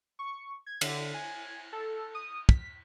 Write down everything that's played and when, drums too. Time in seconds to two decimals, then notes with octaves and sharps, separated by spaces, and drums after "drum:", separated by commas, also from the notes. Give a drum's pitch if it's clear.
0.19 C#6
0.66 G#6
0.81 D3, drum: cymbal
1.14 G#5
1.72 A4
2.15 D#6
2.49 B6, drum: kick